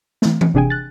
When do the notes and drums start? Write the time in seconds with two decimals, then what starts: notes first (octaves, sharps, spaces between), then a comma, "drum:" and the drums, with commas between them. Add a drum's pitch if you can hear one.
0.22 E3 A3, drum: snare
0.41 drum: tom E3
0.54 G1 C3 D4 G#4 G5 G#5
0.70 F#6 A6